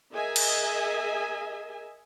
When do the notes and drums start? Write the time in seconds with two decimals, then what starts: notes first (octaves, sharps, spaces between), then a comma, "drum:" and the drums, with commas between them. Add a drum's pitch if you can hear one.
0.12 G#4 A#4 D#5 E5 G#5
0.36 drum: cymbal